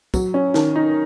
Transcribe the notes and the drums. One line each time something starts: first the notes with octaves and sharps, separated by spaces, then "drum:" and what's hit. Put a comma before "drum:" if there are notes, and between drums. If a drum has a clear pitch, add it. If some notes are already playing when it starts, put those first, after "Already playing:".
F#3, drum: kick, tambourine
C#4
D#3, drum: snare
D#4